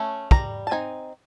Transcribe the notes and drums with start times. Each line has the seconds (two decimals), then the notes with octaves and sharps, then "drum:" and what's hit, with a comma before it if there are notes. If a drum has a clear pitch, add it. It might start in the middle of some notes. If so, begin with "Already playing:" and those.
Already playing: A3 C#4
0.31 G3 A#5, drum: kick
0.67 A5
0.71 C4 D#4 G#5